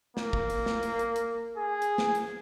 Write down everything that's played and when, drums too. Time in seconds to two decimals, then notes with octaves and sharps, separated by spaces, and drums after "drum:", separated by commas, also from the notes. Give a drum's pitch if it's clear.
0.17 A#3, drum: snare
0.33 drum: kick
0.50 drum: hi-hat
0.66 drum: snare
0.83 drum: hi-hat
0.99 drum: hi-hat
1.16 drum: hi-hat
1.57 G#4
1.82 drum: hi-hat
1.98 drum: snare
2.15 drum: hi-hat